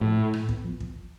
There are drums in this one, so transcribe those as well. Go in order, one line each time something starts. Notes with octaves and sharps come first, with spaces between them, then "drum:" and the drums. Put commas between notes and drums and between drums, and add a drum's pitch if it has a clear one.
A2 F3
E4
A2, drum: rim click
B3, drum: kick
F3
drum: kick